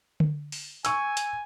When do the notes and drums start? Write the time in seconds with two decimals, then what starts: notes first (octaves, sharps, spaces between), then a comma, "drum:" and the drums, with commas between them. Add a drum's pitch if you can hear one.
0.20 drum: tom D3
0.52 drum: open hi-hat
0.85 G#5 C#6 E6, drum: hi-hat
1.17 drum: hi-hat